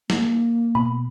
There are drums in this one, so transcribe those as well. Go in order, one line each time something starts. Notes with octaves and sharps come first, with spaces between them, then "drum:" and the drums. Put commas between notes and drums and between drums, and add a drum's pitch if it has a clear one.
A#3, drum: snare
B2 B5